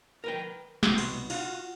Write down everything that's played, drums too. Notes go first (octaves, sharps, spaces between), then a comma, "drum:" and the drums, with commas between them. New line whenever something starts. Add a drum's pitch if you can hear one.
A#4 B4 G5
C2 B2 F#4 C6, drum: snare
drum: cymbal
F4 F#4 F5 F#5, drum: cymbal